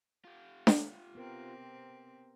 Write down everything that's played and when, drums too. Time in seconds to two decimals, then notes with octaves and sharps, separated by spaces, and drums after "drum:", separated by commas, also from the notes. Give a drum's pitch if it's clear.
0.24 F4 G4
0.67 drum: snare D4
1.15 C3 B3 C4 A#4